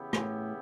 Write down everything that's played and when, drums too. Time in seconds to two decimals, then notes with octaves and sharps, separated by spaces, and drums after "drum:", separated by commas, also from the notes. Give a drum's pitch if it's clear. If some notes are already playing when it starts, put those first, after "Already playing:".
Already playing: C#3 E3 B3 E4 G4
0.13 A2, drum: rim click